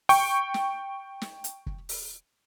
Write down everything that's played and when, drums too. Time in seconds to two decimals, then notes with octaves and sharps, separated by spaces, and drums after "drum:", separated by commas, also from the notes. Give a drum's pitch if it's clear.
0.09 G5 C#6, drum: open hi-hat
0.54 drum: snare
1.22 drum: snare
1.44 drum: hi-hat
1.66 drum: kick
1.89 drum: open hi-hat